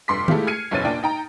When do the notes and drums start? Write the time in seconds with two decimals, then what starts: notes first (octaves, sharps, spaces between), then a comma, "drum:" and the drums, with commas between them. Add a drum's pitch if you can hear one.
0.08 F1 G2 C6 D6 B6
0.28 G#3 A3 E4 F4 G4, drum: tom D#3
0.47 F6 G#6 C7 C#7 D#7
0.71 F#1 B1 E2 C#4 A6 D#7
0.85 A#2 D4 G5
1.03 D#4 G5 A#5